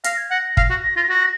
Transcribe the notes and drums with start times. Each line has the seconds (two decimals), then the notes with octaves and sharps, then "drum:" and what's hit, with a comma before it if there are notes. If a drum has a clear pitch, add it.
0.04 F5 A#6, drum: hi-hat
0.18 G#6
0.30 F#5 A#6
0.57 F5, drum: kick
0.70 F#4
0.96 F4
1.09 F#4